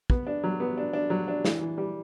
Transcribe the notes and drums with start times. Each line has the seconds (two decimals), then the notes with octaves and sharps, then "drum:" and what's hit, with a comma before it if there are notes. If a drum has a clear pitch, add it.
0.10 B3, drum: kick
0.27 D4
0.43 F#3
0.60 B3
0.78 D4
0.93 D4
1.10 F#3
1.28 D4
1.45 E3, drum: snare
1.61 E3
1.78 G3